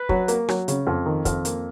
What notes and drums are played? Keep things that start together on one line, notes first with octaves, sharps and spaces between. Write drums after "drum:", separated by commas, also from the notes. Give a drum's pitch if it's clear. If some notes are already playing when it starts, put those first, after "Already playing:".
Already playing: B4
F#3, drum: kick
A#3, drum: hi-hat
F#3, drum: rim click
C#3, drum: hi-hat
F2
D#3
F2, drum: kick, hi-hat
A#3, drum: hi-hat